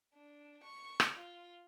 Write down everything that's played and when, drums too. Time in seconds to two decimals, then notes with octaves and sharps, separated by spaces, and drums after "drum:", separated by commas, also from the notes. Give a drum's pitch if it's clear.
0.14 D4
0.63 C#6
1.00 drum: rim click
1.15 F4